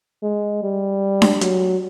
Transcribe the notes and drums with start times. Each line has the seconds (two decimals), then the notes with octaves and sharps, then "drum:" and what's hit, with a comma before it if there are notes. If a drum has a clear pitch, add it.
0.23 G#3
0.63 G3
1.22 drum: snare D4
1.41 F#3, drum: hi-hat